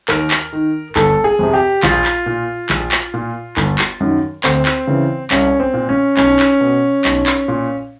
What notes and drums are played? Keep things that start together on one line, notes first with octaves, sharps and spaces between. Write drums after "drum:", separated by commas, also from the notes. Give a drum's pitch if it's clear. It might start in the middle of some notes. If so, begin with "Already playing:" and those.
D#2 A#4, drum: clap
drum: clap
D#3
G1 A4, drum: clap
G#4
F2 C3
G4
A#1 F4, drum: clap
drum: clap
A#2
A#1, drum: clap
drum: clap
A#2
G1, drum: clap
drum: clap
F#2 D#3
D2 C4, drum: clap
drum: clap
C#3 E3
C2 C#4, drum: clap
C4
A#2
C#4
B1 C#4, drum: clap
drum: clap
B2
B1, drum: clap
drum: clap
A#2